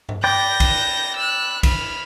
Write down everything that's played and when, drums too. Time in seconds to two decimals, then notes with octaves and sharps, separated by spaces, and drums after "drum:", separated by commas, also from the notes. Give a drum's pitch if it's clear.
0.09 drum: tom G2
0.24 B4 D5 G5 G6 A#6
0.60 drum: kick, cymbal
1.17 E6 F#6
1.63 B5 F6, drum: kick, cymbal